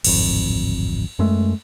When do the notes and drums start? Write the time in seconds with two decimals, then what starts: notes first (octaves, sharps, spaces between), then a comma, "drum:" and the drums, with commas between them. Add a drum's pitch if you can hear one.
0.04 D1 G#1 F2, drum: cymbal
1.19 F#2 G#3 A3